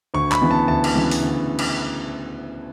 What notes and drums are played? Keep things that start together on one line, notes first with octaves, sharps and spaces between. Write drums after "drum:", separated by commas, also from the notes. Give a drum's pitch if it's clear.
D2 C#6
B5, drum: clap
C#3 E3 B3
A5
D2 A5
drum: cymbal
C#3 E3 B3
drum: open hi-hat
D2
drum: cymbal